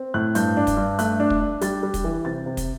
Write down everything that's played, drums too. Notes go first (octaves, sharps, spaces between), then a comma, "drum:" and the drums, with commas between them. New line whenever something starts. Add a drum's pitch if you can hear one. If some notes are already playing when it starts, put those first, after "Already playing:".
Already playing: C4
A2 F#6
G2 G6, drum: hi-hat
D4
drum: kick, hi-hat
G2
A3 F#6, drum: hi-hat
D4
drum: kick
D4
G3 A6, drum: hi-hat
G3
drum: kick, hi-hat
E3
C3 A6
C3
drum: kick, hi-hat